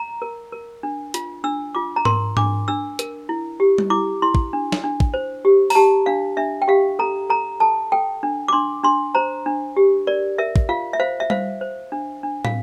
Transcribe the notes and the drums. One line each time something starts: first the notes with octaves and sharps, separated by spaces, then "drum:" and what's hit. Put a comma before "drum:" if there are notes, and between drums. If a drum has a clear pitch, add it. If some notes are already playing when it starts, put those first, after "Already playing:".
Already playing: A#5
A#4
A#4
D4
F4, drum: hi-hat
D4 E6
F4 D6
A#5
A#4 C6, drum: tom G#2
D4 D6, drum: tom G#2
D4 E6
A#4, drum: hi-hat
E4
G4
drum: tom G3
E4 D6
E4 C6
drum: kick
D4
drum: snare
D4
drum: kick
C5
G4
A#5, drum: open hi-hat
G4 A5
D4 F5
D4 E5
G5
G4 F5
A4 A#5
A4 A#5
A4 A5
A4 G5
D4
D6
D4 C6
D4 C6
C5 A#5
D4
G4
A#4 D5
A#4 E5
drum: kick
F4 F5
E5
C5 F5
E5
C5 F5, drum: tom G3
C5
D4
D4
F5, drum: tom